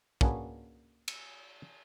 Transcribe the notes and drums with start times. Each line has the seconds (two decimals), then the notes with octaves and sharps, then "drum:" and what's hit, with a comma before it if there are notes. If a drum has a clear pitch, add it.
0.21 A#3 C#4 D4 F#4 G#4 B4, drum: kick
1.08 drum: cymbal